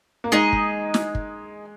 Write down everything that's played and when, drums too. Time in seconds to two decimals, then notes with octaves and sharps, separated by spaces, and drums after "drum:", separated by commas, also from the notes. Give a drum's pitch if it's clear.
0.24 A#3
0.32 G#3 D#4 G#4 D#5
0.53 drum: kick
0.94 drum: snare
1.15 drum: kick